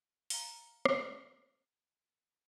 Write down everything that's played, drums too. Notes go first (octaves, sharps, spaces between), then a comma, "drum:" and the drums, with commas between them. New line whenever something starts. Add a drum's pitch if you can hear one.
F5 A#5, drum: open hi-hat
drum: rim click